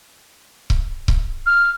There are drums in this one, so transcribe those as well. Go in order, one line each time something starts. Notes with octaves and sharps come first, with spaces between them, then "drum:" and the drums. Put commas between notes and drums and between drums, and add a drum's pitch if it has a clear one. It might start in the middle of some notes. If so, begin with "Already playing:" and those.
drum: kick C#1
drum: kick C#1
F6